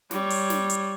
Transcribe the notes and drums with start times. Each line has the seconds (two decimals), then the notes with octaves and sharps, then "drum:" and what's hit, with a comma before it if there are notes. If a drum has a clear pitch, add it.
0.11 G3 C#5, drum: snare
0.30 drum: open hi-hat
0.50 drum: snare
0.70 drum: hi-hat